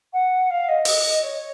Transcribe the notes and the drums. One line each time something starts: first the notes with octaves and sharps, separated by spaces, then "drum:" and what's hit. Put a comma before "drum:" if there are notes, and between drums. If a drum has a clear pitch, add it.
F#5
F5
D#5
drum: open hi-hat
C#5